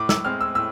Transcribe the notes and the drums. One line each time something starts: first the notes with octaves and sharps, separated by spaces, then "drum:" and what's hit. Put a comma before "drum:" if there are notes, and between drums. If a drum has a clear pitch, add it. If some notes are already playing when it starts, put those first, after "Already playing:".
Already playing: A2 D6
E6, drum: snare
G#3 C4 F6
E6
A2 E6